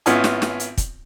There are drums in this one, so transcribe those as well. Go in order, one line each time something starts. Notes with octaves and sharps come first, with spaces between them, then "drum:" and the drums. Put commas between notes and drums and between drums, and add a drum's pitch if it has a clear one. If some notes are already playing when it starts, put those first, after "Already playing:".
G#1 B3 C#4 E4 F4 G#5, drum: hi-hat
drum: snare
drum: snare
drum: hi-hat
drum: kick, hi-hat